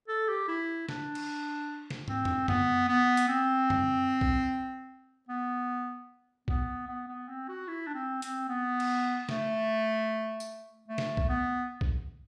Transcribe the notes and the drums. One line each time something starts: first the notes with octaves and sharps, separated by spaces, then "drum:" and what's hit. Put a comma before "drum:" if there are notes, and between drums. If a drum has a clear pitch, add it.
A4
G4
E4
D4, drum: snare
drum: cymbal
drum: snare
C4, drum: tom
drum: tom
B3, drum: tom
B3
drum: hi-hat
C4
drum: tom
drum: kick B1
B3
B3, drum: kick B1
B3
B3
C4
F#4
E4
D4
C4
C4, drum: hi-hat
B3
drum: cymbal
A3, drum: snare
drum: tambourine
A3
drum: snare
drum: kick B1
B3
drum: kick B1